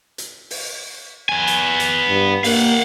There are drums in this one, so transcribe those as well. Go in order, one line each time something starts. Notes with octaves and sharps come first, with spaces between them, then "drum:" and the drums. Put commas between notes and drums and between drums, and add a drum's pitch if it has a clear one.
drum: hi-hat
drum: open hi-hat
B3 G#5
drum: hi-hat
drum: hi-hat
G2
A#3 F5 F#5, drum: open hi-hat